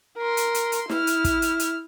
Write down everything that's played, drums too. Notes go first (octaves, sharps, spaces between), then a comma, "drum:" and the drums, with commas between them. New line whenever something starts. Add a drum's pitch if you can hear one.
A#4 C6
drum: hi-hat
drum: hi-hat
drum: hi-hat
E4 F6, drum: snare
drum: hi-hat
drum: kick, hi-hat
drum: hi-hat
drum: hi-hat